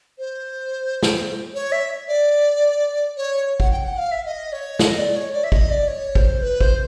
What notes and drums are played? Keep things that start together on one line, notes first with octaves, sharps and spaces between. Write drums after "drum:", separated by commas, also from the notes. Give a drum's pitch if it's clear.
C5
drum: snare
C#5
E5
D5
C#5
F#5, drum: kick
G5
F#5
F5
E5
D#5
C#5
D#5, drum: snare
D5
C#5
D5
E5
D#5, drum: kick
D5
C#5
C5, drum: kick
B4
C5, drum: kick